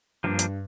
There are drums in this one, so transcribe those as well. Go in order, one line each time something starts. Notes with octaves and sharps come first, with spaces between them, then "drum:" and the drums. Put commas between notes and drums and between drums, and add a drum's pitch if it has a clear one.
G2 F3 A#3 D4
drum: hi-hat